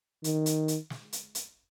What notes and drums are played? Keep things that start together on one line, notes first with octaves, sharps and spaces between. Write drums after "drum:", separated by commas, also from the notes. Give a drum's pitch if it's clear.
D#3, drum: hi-hat
drum: hi-hat
drum: hi-hat
drum: snare
drum: hi-hat
drum: hi-hat